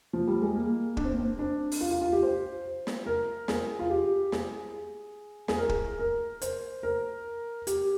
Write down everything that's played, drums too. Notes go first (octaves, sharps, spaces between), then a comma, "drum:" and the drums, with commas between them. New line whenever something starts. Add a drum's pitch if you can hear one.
F3
G3
G#3
A#3
D4, drum: kick
C4
A#3
C4
D4
drum: open hi-hat
F4
F4
F4
G4
C5
drum: snare
A#4
G#4, drum: snare
F4
G4
G#4, drum: snare
G#4, drum: snare
A#4
drum: kick
A#4
C5, drum: hi-hat
A#4
G4, drum: hi-hat